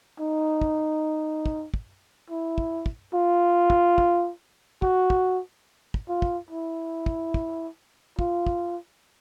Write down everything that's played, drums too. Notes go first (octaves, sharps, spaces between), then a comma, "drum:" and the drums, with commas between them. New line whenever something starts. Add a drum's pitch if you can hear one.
D#4
drum: kick
drum: kick
drum: kick
E4
drum: kick
drum: kick
F4
drum: kick
drum: kick
F#4, drum: kick
drum: kick
drum: kick
F4
drum: kick
E4
drum: kick
drum: kick
F4, drum: kick
drum: kick